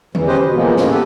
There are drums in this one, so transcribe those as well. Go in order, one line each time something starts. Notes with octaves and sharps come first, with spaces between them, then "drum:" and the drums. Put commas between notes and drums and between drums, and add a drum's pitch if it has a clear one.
E2 E3, drum: tom D3
C#4 G4 B4 C5 D#5
B2
E3 F3 G#3 A#3 B3
A2 G#3 A#3 C#4, drum: snare
B3 G4 A4 B4